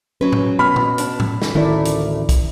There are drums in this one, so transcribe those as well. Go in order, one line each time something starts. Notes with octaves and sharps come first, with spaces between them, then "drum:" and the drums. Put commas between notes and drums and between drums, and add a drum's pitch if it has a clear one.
F#3 C#4 B4
drum: tom A2
B2 B5 F6
drum: tom A#2
D4, drum: hi-hat
drum: tom A2
drum: snare
A1 D2 D#3 A3 E4 A#4 D5
drum: hi-hat
drum: kick, hi-hat